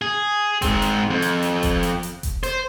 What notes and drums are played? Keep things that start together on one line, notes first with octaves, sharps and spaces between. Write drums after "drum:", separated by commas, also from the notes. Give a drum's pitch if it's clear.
G#4
G#2 C4, drum: kick F1, hi-hat
drum: hi-hat
F2
drum: hi-hat
drum: hi-hat
drum: kick F1, hi-hat
drum: hi-hat
drum: hi-hat
drum: kick F1, hi-hat
C5, drum: hi-hat